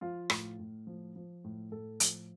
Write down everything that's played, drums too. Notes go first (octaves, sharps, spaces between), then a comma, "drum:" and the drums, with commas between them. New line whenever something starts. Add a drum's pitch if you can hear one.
F3 F4 F5
A2, drum: rim click
A2
F3
F3
A2
A2 A4
F3, drum: hi-hat